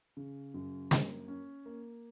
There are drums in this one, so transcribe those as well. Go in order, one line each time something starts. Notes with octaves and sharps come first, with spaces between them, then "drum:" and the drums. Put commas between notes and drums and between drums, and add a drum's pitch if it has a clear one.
C#3
F#2
A#3, drum: snare
C#4
A#3